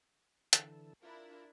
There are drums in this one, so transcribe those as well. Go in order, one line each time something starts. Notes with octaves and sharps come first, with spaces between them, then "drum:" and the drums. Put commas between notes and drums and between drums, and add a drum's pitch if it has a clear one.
D3 E3 A4, drum: hi-hat
D4 E4 F4 A#4